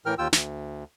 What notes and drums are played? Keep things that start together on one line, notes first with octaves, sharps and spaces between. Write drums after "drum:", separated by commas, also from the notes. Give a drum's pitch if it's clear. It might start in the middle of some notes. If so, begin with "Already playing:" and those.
A2 E3 A#4 G5 F6
D#2 F4 G5 E6
D2, drum: snare